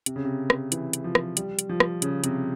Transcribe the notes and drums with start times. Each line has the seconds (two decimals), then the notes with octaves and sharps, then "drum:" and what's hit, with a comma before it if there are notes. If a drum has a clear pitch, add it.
0.06 C3, drum: hi-hat
0.16 C#3
0.25 C3
0.50 drum: rim click
0.72 E3, drum: hi-hat
0.93 drum: hi-hat
1.04 F3
1.15 drum: rim click
1.37 G3, drum: hi-hat
1.59 drum: hi-hat
1.69 F3
1.80 drum: rim click
2.02 C#3, drum: hi-hat
2.24 C3, drum: hi-hat